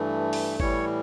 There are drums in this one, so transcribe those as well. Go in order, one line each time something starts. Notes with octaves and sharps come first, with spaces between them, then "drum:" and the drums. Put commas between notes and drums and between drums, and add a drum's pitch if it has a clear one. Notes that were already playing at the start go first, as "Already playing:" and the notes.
Already playing: G2 E3 A3
drum: open hi-hat
A2 E3 G3 C#5, drum: kick G1